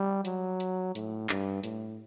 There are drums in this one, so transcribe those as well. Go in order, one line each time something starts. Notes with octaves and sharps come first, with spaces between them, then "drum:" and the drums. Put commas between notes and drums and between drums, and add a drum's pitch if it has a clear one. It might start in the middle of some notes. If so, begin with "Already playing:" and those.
Already playing: G3
F#3, drum: hi-hat
drum: hi-hat
A2, drum: hi-hat
G2, drum: clap
A2, drum: hi-hat